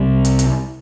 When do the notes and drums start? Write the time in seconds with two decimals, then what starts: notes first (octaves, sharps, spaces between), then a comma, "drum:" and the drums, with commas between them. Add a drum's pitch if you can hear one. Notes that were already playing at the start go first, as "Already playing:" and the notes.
Already playing: C2 C3 G3
0.25 drum: hi-hat
0.39 drum: hi-hat